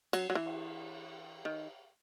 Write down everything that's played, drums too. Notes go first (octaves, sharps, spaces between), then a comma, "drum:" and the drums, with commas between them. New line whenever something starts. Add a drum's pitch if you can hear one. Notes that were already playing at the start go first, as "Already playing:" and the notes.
F#3, drum: cymbal
F#3
E3
drum: cymbal
D#3